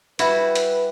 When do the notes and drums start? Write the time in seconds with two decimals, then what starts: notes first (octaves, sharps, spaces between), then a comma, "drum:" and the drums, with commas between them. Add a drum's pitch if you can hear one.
0.19 G3 E4 F#4 B4, drum: hi-hat
0.55 drum: hi-hat